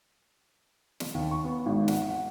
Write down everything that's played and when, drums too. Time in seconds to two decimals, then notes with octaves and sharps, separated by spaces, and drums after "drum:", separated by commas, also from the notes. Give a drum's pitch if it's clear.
1.00 drum: snare
1.14 D#2
1.31 C#6
1.44 B3
1.66 G#1
1.88 F#5, drum: snare
2.09 F#5